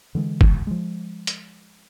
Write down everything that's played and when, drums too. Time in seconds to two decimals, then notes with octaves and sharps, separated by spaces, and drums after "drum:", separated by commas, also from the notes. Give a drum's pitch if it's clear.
0.15 D3 E3 G#3
0.41 drum: kick
0.67 F3 G#3
1.27 drum: hi-hat